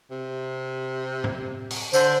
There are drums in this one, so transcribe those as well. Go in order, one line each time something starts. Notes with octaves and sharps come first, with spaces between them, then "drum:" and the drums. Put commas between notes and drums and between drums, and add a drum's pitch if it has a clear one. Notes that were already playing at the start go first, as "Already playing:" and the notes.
C3
drum: tom
drum: open hi-hat
D3 C5, drum: tambourine